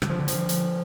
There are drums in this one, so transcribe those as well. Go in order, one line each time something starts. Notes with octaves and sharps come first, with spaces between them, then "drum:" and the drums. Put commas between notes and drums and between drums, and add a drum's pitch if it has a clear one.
D3 G3, drum: rim click
F3
D3
F3, drum: hi-hat
D3
drum: hi-hat